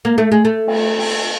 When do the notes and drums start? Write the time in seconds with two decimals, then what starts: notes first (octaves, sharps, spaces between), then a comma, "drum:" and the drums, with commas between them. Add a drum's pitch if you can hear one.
0.05 A#3
0.18 A3
0.32 G#3
0.45 A3
0.67 drum: cymbal
0.98 drum: cymbal